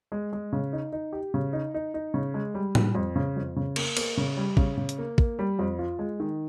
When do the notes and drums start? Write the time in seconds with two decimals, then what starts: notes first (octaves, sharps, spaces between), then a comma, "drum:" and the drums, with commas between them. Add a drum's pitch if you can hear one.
0.12 G#3
0.33 G#3
0.53 C#3
0.73 D#4
0.92 D#4
1.13 G4
1.34 C#3
1.53 D#4
1.74 D#4
1.94 D#4
2.14 C#3
2.34 G#3
2.55 G3
2.75 G3, drum: tom A2
2.95 F2
3.16 C#3
3.36 F2
3.56 C#3
3.76 A#3, drum: cymbal
3.97 A#3, drum: cymbal
4.17 C#3
4.37 G3
4.57 C#3, drum: kick
4.77 C#3
4.89 drum: hi-hat
4.98 A#3
5.18 A#3, drum: kick
5.39 G3
5.59 F2
5.79 F4
5.99 G#3
6.20 D#3